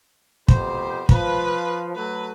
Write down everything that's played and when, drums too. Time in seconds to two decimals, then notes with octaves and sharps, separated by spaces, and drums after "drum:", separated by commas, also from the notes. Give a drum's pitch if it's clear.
0.48 F2 B2 G4 C5, drum: kick
1.09 F3 B4, drum: kick
1.95 F#3 A3 B4